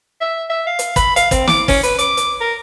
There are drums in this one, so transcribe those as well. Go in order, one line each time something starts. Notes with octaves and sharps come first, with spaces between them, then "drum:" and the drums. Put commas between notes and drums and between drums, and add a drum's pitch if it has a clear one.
E5
E5
F5
drum: hi-hat
B5, drum: kick, hi-hat
F5, drum: hi-hat
C4, drum: kick, hi-hat
D6, drum: snare
C#4, drum: kick, open hi-hat
B4, drum: hi-hat
D6, drum: hi-hat
drum: hi-hat
A#4